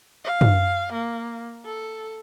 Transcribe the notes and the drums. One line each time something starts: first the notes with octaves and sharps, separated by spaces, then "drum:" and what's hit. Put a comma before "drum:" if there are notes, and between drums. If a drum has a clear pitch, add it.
F5
drum: tom
A#3
A4